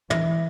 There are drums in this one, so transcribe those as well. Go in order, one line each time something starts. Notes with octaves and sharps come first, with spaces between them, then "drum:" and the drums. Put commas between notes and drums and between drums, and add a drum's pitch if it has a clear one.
E3 E5, drum: tom